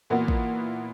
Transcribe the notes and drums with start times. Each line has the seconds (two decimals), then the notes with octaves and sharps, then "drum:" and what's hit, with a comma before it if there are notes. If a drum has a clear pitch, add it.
0.10 A#2 E3 A#3 B3 E4 F#4
0.28 drum: kick